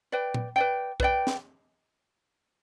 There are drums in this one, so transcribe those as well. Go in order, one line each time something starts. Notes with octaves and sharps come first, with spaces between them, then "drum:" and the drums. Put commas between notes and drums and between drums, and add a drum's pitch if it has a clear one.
B4 D5 G5
drum: tom A#2
B4 D5 G5
B4 D5 G5, drum: kick
drum: snare